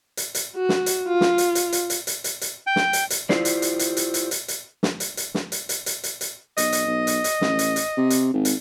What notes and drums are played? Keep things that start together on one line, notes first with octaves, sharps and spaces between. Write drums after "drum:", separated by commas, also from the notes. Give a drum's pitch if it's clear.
drum: hi-hat
drum: hi-hat
F#4
drum: snare
drum: hi-hat
F4
drum: snare
drum: hi-hat
drum: hi-hat
drum: hi-hat
drum: hi-hat
drum: hi-hat
drum: hi-hat
drum: hi-hat
G5
drum: snare
drum: hi-hat
drum: hi-hat
E4 F4 G4 C5 D5, drum: snare
drum: hi-hat
drum: hi-hat
drum: hi-hat
drum: hi-hat
drum: hi-hat
drum: hi-hat
drum: hi-hat
drum: snare
drum: hi-hat
drum: hi-hat
drum: snare
drum: hi-hat
drum: hi-hat
drum: hi-hat
drum: hi-hat
drum: hi-hat
B1 D#5, drum: hi-hat
drum: hi-hat
B1
drum: hi-hat
drum: hi-hat
A1, drum: snare
drum: hi-hat
drum: hi-hat
C3
drum: hi-hat
G#1
drum: hi-hat